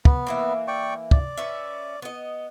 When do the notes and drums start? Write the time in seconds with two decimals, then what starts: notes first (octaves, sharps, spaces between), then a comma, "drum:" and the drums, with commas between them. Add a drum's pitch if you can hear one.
0.05 B3, drum: kick
0.27 E3 A#3 E5
0.68 D5 G5 C#6
1.11 D5, drum: kick
1.37 C#4 B4 E5
2.02 B3 D#5